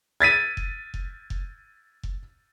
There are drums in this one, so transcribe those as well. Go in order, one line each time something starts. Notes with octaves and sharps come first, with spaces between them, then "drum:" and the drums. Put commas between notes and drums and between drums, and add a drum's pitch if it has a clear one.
G#6 A6 B6 D#7
drum: kick F1
drum: kick F1
drum: kick F1
drum: kick F1